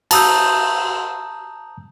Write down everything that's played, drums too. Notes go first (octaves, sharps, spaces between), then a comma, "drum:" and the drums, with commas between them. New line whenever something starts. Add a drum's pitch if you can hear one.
A5 A#5 D#6 E6 G6, drum: cymbal